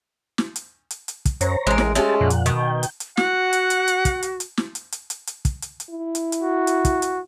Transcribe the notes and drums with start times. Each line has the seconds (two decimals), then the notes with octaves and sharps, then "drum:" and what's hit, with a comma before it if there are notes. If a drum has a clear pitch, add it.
0.38 drum: snare
0.56 drum: hi-hat
0.91 drum: hi-hat
1.08 drum: hi-hat
1.25 drum: kick, hi-hat
1.41 F#2 C5 C#5 A#5, drum: hi-hat
1.67 A1 G#3 A#4
1.78 drum: snare
1.95 G#3 A3 C#4 G4 A5, drum: hi-hat
2.21 F2 A#2 F#5
2.30 drum: hi-hat
2.46 B2 D#3, drum: hi-hat
2.59 G5
2.83 drum: hi-hat
3.00 drum: hi-hat
3.17 F#4 F#5, drum: snare
3.53 drum: hi-hat
3.70 drum: hi-hat
3.88 drum: hi-hat
4.05 drum: kick, hi-hat
4.23 drum: hi-hat
4.40 drum: hi-hat
4.57 drum: snare
4.75 drum: hi-hat
4.92 drum: hi-hat
5.10 drum: hi-hat
5.27 drum: hi-hat
5.45 drum: kick, hi-hat
5.62 drum: hi-hat
5.80 drum: hi-hat
5.90 E4
6.15 drum: hi-hat
6.32 drum: hi-hat
6.42 F#4
6.67 drum: hi-hat
6.85 drum: kick, hi-hat
7.02 drum: hi-hat